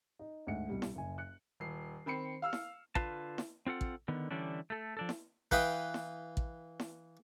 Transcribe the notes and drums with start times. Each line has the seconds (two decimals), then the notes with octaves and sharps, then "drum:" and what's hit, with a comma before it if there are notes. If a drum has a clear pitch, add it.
0.19 D#4
0.47 D2 G#2 F#5 C#7
0.69 C2 B2 G3
0.82 drum: snare E4
0.95 F#1 G#5
1.18 F#6 C#7
1.60 D#1 C7
2.06 D#3 C4 B5 C7 C#7
2.42 F5 E6 F6
2.53 drum: snare E4
2.95 D3 F4 B4 F5 A5, drum: kick
3.38 drum: snare E4
3.66 C4 F4 A4 F#5
3.81 drum: kick
4.08 D3 D#3 B3
4.31 D3 E3 G3 C#4 D4
4.70 A3 A4
4.97 F3 D4 A4
5.09 drum: snare E4
5.51 E3 B4 F5 G5 B5 D#6, drum: kick
5.94 drum: snare E4
6.37 drum: kick
6.80 drum: snare E4